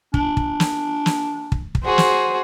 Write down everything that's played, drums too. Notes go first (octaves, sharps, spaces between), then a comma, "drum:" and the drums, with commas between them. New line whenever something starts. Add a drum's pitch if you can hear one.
D4, drum: kick
drum: kick
drum: snare
drum: snare
drum: kick
drum: kick
F#4 G#4 C5
drum: snare